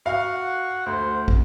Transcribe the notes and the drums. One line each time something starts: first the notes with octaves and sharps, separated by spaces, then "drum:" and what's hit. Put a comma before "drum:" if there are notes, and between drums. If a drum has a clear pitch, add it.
F#4 F5 F6
F#5
D2 C5
drum: kick